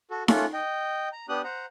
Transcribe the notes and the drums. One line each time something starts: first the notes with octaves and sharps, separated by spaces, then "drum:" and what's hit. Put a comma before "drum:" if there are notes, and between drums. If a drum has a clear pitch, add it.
F#4 A4
A3 A#3 C#4 F4 A4 F#5, drum: snare D#4
D#5 G5
A#5
B3 D4 G4 D#6 F#6
C5 F#5 A#5